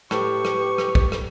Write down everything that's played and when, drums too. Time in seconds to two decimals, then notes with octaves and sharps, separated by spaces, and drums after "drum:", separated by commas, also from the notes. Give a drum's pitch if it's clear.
0.11 A2 G4 B4 C#6, drum: rim click
0.45 drum: rim click
0.78 drum: rim click
0.95 drum: kick
1.12 drum: rim click